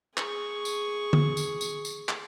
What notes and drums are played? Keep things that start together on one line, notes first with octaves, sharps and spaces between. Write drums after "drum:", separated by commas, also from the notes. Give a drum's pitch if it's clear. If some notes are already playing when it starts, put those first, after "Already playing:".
G#4 C#6, drum: clap
drum: tambourine
drum: tom D3
drum: tambourine
drum: tambourine
drum: tambourine
drum: clap